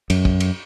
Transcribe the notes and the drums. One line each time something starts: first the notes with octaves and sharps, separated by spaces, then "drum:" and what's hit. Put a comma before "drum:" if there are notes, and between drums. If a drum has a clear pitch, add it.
F#2, drum: cymbal
drum: kick
drum: cymbal